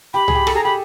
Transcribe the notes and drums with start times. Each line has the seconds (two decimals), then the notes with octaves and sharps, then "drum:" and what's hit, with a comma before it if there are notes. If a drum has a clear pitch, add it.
0.14 G4 B5
0.28 G#4, drum: tom C2
0.35 G4
0.47 A4, drum: rim click
0.55 G#4 A#5
0.64 G4 B5